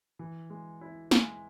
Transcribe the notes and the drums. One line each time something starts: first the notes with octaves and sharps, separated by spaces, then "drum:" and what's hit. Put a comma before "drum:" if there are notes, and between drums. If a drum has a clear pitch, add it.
E3
G#3
E4
G#3, drum: snare